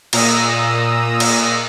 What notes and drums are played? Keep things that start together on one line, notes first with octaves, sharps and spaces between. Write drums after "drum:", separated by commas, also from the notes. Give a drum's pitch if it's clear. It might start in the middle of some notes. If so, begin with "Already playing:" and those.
A#2 A#5 D#6 E6, drum: cymbal
drum: cymbal